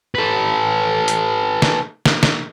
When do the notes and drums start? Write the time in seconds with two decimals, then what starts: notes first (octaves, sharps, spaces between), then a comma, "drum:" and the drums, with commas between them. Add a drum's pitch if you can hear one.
0.15 A4 B4
1.08 drum: hi-hat
1.62 drum: snare
2.06 drum: snare
2.23 drum: snare